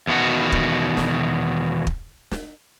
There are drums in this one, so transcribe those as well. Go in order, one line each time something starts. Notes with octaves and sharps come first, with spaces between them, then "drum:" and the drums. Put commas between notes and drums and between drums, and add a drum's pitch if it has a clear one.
E2 B2 D#3 F#4
drum: kick
drum: snare
drum: kick
drum: snare